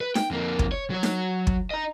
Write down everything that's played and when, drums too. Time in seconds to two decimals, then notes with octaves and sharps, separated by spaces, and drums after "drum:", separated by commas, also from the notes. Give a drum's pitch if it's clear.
0.01 B4
0.15 G5, drum: snare D#4
0.31 F2 A#3
0.59 drum: kick
0.72 C#5
0.90 F#3 C#5
1.03 drum: snare D#4
1.47 drum: kick
1.71 D#5 A#5